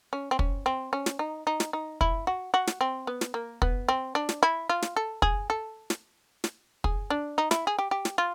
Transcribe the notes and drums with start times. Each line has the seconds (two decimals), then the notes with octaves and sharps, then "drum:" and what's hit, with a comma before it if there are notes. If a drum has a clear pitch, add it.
0.13 C#4
0.31 C4
0.39 C#4, drum: kick
0.66 C4
0.93 C#4
1.06 drum: snare
1.19 D#4
1.47 D#4
1.60 drum: snare
1.73 D#4
2.01 E4, drum: kick
2.27 F#4
2.54 F#4
2.67 drum: snare
2.81 C4
3.07 B3
3.21 drum: snare
3.34 A#3
3.62 B3, drum: kick
3.89 C4
4.15 D4
4.29 drum: snare
4.43 E4
4.69 F4
4.82 drum: snare
4.96 A4
5.22 G#4, drum: kick
5.50 A4
5.90 drum: snare
6.44 drum: snare
6.84 G#4, drum: kick
7.10 D4
7.38 D#4
7.51 E4, drum: snare
7.67 G#4
7.79 G4
7.91 G4
8.05 drum: snare
8.18 F4